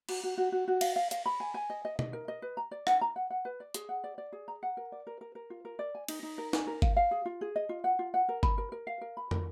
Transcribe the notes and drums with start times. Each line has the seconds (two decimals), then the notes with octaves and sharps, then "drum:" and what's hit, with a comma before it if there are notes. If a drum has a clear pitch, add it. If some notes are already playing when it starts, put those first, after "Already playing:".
0.09 F#4, drum: cymbal
0.23 F#4
0.38 F#4
0.52 F#4
0.68 F#4
0.81 F5, drum: cymbal
0.96 F5
1.11 F5, drum: hi-hat
1.26 B5
1.40 G#5
1.54 G#5
1.70 D#5
1.85 D#5
1.99 D#5, drum: tom B2
2.13 A#4
2.28 D#5
2.42 B4
2.57 A#5
2.71 D5
2.87 F#5, drum: rim click
3.01 A#5
3.16 F#5
3.30 F#5
3.45 B4
3.60 D5
3.74 G#4, drum: hi-hat
3.89 F#5
4.04 D5
4.18 D5
4.32 G#4
4.48 A#5
4.63 F#5
4.77 A#4
4.92 D5
5.07 A#4
5.21 A#4
5.35 A#4
5.50 F4
5.65 A#4
5.79 D5
5.95 G#5
6.08 D#4, drum: cymbal
6.23 D#4
6.38 A#4
6.53 G#5, drum: snare
6.67 A#4
6.82 F5, drum: kick G1
6.96 F5
7.11 G#4
7.25 F4
7.41 G#4
7.56 D#5
7.69 F4
7.84 F#5
7.99 F4
8.14 F#5
8.29 A#4
8.43 B5, drum: kick G1
8.58 A#4
8.72 A#4
8.87 F5
9.01 A#4
9.17 B5
9.31 A#4, drum: tom